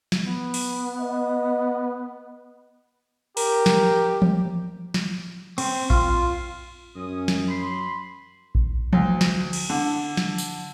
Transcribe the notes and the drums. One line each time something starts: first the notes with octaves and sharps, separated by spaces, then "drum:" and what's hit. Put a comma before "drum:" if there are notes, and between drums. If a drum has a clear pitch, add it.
drum: snare
B3
drum: open hi-hat
B4 D#5
G4 A#4, drum: open hi-hat
drum: snare
drum: tom E3
drum: snare
C4, drum: cymbal
F4, drum: kick A#1
F#2 C#4 D#6
drum: snare
B5 C6
drum: kick A#1
D2, drum: tom E3
drum: snare
drum: cymbal
D3
drum: snare
drum: tambourine